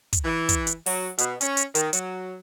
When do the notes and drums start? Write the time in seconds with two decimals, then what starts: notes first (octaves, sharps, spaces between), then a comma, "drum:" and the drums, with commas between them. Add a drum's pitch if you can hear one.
0.13 drum: kick, hi-hat
0.25 E3
0.49 drum: kick, hi-hat
0.67 drum: hi-hat
0.86 F#3, drum: open hi-hat
1.18 B2, drum: hi-hat
1.41 C#4, drum: hi-hat
1.57 drum: hi-hat
1.75 D#3, drum: hi-hat
1.93 F#3, drum: hi-hat